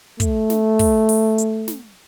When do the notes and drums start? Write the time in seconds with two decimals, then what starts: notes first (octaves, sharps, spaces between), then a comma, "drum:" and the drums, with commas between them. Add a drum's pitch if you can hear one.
0.20 A3, drum: kick, hi-hat
0.50 drum: snare
0.79 drum: kick, open hi-hat
1.09 drum: open hi-hat
1.38 drum: hi-hat
1.68 drum: snare